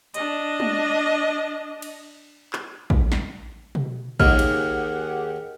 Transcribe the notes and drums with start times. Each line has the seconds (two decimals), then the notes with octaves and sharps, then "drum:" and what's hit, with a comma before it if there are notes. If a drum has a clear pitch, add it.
0.14 D4 D#5, drum: hi-hat
0.60 drum: tom G#3
1.82 drum: cymbal
2.53 drum: clap
2.90 drum: kick
3.12 drum: snare
3.75 drum: tom B2
4.20 D#2 D#3 A#3 G4 G#4 F#5 F6, drum: kick
4.39 drum: cymbal